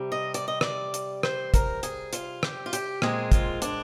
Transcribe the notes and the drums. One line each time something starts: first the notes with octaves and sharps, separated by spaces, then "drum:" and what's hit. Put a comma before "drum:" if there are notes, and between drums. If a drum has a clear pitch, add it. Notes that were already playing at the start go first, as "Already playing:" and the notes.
Already playing: C3 G3
D#5
D5, drum: hi-hat
D#5
D5, drum: rim click
drum: hi-hat
C5, drum: rim click
A#4, drum: kick, hi-hat
G#4, drum: hi-hat
F4, drum: hi-hat
G4, drum: rim click
F4
G4, drum: hi-hat
A#2 G#3 C4 G#4, drum: rim click
F4, drum: kick, hi-hat
D4, drum: hi-hat